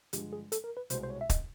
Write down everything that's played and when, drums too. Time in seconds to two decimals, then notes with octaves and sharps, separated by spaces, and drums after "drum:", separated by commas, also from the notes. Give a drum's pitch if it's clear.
0.13 G2 D3 F3 G#3 G4, drum: hi-hat
0.33 G#4
0.52 A4, drum: hi-hat
0.64 A#4
0.77 B4
0.90 C2 B2 G#3 C5, drum: hi-hat
1.04 C5
1.10 C#5
1.21 E5
1.30 D#5, drum: kick, hi-hat